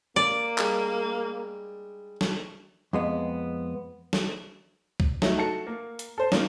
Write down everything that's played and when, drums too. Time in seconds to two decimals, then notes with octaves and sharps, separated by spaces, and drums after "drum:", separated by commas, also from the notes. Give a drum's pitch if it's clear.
0.16 A#3 D5
0.58 G3 G#3 D4, drum: clap
2.21 drum: snare
2.93 F2 G#3 B3
4.13 drum: snare
5.00 drum: kick
5.22 F#3 A3 D#4, drum: snare
5.38 F#4 A4 C#7
5.67 A#3
5.99 drum: hi-hat
6.18 A4 C5
6.32 A#3 C#4 D#4, drum: snare